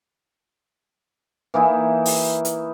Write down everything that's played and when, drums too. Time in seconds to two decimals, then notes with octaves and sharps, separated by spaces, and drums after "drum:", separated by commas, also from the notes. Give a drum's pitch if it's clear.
1.54 E3 A#3 D#4 E4
2.05 drum: open hi-hat
2.45 drum: hi-hat